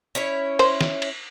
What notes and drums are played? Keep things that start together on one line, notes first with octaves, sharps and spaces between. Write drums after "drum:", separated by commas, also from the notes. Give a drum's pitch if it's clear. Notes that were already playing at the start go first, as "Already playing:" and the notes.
C#4 E4 C#5
C5, drum: cymbal
drum: snare
drum: cymbal